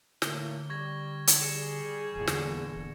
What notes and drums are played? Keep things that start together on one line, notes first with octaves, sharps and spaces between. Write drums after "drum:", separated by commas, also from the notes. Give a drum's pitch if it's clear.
A2 D3 F#3 A#3 G7, drum: snare
G3 C#6 G#6 A#6
drum: hi-hat
G3 G#4 C#7 E7
D1 E2 A#2 D3
drum: snare